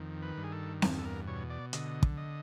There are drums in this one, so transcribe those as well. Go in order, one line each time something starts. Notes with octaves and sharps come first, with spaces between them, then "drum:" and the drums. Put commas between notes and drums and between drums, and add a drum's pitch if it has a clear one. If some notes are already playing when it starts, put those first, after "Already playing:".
Already playing: F2 D#3
B4
G2
G#4
A4
E2, drum: snare C4
A4
A#4
B2 C#5
D5
D3 D#5, drum: hi-hat
drum: kick
D#5